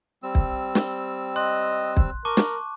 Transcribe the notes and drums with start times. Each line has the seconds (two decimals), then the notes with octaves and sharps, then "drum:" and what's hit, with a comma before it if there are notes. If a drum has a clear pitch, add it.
0.23 G3 C4 E6
0.35 drum: kick
0.75 drum: snare
1.36 D#5 C6 F#6
1.97 drum: kick
2.25 A#4 A5 C#6 D6
2.37 drum: snare